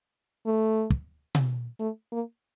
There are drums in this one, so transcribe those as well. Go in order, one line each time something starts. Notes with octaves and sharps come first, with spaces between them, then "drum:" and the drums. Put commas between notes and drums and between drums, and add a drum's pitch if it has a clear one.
A3
drum: kick
drum: tom B2
A3
A#3